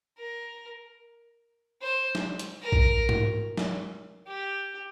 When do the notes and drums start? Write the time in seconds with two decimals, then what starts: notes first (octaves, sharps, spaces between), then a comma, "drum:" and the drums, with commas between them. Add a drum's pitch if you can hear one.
0.18 A#4
1.82 C5
2.15 drum: snare
2.39 drum: hi-hat
2.62 A#4
2.72 drum: kick A#1
3.09 drum: tom G#2
3.57 drum: snare
4.27 G4